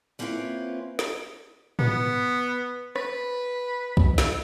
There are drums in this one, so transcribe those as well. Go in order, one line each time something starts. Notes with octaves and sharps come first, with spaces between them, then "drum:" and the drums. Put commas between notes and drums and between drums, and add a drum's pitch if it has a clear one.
A#3 C4 C#4 E4 F4 B4
drum: snare
B3, drum: tom
B4, drum: rim click
drum: kick B1
drum: snare